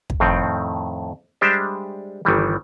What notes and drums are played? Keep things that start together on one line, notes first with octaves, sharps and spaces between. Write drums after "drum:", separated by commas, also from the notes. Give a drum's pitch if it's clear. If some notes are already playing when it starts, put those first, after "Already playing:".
drum: kick
F2 A2 D#3 C4
G3 G#3 D4 G4 C5 E5
G1 D#3 E3 G3